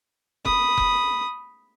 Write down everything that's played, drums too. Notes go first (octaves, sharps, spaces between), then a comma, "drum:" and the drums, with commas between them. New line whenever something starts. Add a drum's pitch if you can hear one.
B5 D#6, drum: kick F1
drum: kick F1